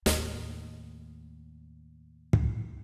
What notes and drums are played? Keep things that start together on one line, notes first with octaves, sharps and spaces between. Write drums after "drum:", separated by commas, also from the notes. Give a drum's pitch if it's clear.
D#2 A2, drum: snare
drum: kick